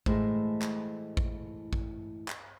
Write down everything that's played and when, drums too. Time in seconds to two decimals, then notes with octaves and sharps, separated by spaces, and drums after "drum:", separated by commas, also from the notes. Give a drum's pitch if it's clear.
0.06 A2 E3 G#3 A3 C5, drum: kick A1
0.62 drum: clap
1.17 drum: kick A1
1.73 drum: kick A1
2.28 drum: clap